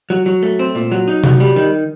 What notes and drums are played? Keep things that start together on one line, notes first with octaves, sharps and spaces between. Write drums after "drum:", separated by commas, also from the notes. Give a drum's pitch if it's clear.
F#3
F#3
A3
C4
A#2
F#3
D#4
F#3, drum: tom C3
G3
D#3